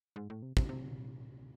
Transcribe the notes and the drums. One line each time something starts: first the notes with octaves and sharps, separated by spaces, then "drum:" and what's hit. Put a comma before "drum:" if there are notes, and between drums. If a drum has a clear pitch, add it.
G#2
A2
C3
C3, drum: kick
C3